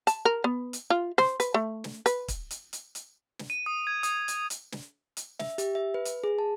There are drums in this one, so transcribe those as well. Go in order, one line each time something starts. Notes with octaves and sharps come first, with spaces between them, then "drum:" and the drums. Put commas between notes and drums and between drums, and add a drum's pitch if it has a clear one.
A5, drum: hi-hat
A#4
B3
drum: hi-hat
F4
C5, drum: snare
B4, drum: hi-hat
A3
drum: snare
B4, drum: hi-hat
drum: kick, hi-hat
drum: hi-hat
drum: hi-hat
drum: hi-hat
drum: snare
D#7
D#6
G#6
D#6, drum: hi-hat
drum: hi-hat
drum: hi-hat
drum: snare
drum: hi-hat
E5, drum: snare
G4, drum: hi-hat
E5
B4
drum: hi-hat
G#4
A5